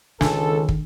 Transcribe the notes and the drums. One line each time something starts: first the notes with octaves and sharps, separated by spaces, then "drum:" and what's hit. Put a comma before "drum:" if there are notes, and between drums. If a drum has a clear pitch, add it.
C#2 D#3 D4 A4, drum: snare
drum: kick